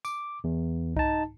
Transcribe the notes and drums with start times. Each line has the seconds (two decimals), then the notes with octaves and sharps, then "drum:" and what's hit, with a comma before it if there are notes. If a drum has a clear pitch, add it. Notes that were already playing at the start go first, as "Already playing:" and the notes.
0.05 D6, drum: tambourine
0.44 E2
0.96 D#4 A5, drum: kick C2